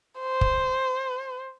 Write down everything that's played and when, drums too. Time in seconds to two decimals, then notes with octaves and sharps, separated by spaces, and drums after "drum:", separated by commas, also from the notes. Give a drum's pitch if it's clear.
0.20 C5
0.41 drum: kick